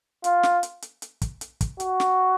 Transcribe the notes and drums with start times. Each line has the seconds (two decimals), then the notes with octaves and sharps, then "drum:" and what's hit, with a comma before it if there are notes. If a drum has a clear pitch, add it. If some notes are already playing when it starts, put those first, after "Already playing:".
0.24 F4, drum: hi-hat
0.43 drum: snare
0.63 drum: hi-hat
0.82 drum: hi-hat
1.02 drum: hi-hat
1.22 drum: kick, hi-hat
1.41 drum: hi-hat
1.61 drum: kick, hi-hat
1.80 F#4, drum: hi-hat
2.00 drum: snare